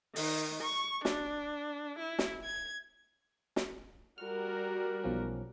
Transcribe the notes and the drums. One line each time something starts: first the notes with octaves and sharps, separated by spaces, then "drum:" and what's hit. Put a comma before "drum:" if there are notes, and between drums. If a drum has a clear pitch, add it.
D#3, drum: open hi-hat
C#6
D4, drum: snare
E4
drum: snare
G#6
drum: snare
G3 F#4 A#4 F6
A#5
B1 F3 C#4